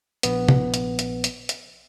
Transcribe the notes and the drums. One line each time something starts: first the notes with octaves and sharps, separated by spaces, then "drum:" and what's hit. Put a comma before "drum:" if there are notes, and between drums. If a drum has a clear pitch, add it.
A#1 B3, drum: hi-hat
drum: tom
drum: hi-hat
drum: hi-hat
drum: hi-hat
drum: hi-hat